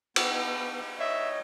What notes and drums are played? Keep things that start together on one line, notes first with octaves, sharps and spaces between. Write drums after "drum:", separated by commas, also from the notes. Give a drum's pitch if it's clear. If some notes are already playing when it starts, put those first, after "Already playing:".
B3, drum: cymbal
C#5 D#5 E5